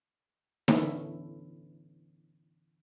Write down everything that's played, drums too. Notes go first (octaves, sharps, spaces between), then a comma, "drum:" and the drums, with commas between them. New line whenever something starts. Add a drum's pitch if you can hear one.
D3 E3 B3 C#4 E4 A4, drum: snare D#4